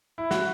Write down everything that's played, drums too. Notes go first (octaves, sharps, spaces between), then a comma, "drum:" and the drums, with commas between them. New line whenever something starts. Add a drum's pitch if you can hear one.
E4
F#4, drum: snare